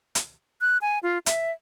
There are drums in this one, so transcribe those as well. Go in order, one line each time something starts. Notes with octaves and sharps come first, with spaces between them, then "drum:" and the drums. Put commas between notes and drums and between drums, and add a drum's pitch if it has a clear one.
drum: hi-hat
F#6
G#5
F4
E5, drum: hi-hat